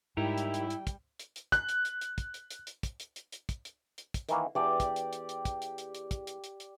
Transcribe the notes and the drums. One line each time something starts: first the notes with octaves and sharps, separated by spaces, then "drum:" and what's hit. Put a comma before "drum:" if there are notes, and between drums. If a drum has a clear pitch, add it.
G#2 G3 D#4 E4 G4 A#4 G5
drum: hi-hat
drum: hi-hat
drum: hi-hat
drum: kick, hi-hat
drum: hi-hat
drum: hi-hat
F#6, drum: kick, hi-hat
drum: hi-hat
drum: hi-hat
drum: hi-hat
drum: kick, hi-hat
drum: hi-hat
drum: hi-hat
drum: hi-hat
drum: kick, hi-hat
drum: hi-hat
drum: hi-hat
drum: hi-hat
drum: kick, hi-hat
drum: hi-hat
drum: hi-hat
drum: kick, hi-hat
D#3 E3 A#3, drum: hi-hat
E2 G4 D5
drum: kick, hi-hat
drum: hi-hat
drum: hi-hat
drum: hi-hat
drum: kick, hi-hat
drum: hi-hat
drum: hi-hat
drum: hi-hat
drum: kick, hi-hat
drum: hi-hat
drum: hi-hat
drum: hi-hat